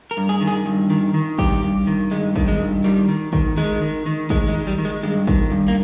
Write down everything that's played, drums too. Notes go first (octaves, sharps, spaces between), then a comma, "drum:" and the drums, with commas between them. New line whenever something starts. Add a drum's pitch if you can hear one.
A#4
G2
G#4
D#3
G#4
G2
D#3
D#3
G2 G4, drum: kick
G2
D#3
G2 G#3
D#3, drum: kick
G#3
G2
D#3 G3
D#3
D#3, drum: kick
D#3 G#3
D#3
D#3
D#3 G#3, drum: kick
G#3
D#3
G3
D#3
G#3
G2 G#3
D#3, drum: kick
G2
A#3